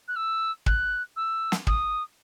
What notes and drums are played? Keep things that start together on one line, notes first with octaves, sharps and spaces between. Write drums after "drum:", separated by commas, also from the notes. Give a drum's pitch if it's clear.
F#6
E6
F#6, drum: kick
E6
drum: snare
D#6, drum: kick